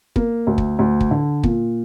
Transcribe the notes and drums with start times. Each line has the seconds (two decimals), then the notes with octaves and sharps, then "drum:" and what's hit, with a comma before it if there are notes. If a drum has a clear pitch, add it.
0.16 A#3, drum: kick
0.47 D2
0.58 drum: kick
0.79 D2
1.00 drum: kick
1.11 D3
1.43 A#2, drum: kick